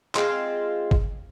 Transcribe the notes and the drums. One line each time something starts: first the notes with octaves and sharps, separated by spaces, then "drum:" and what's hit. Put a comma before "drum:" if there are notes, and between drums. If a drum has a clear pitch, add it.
G#3 C4 F4, drum: clap
drum: kick G#1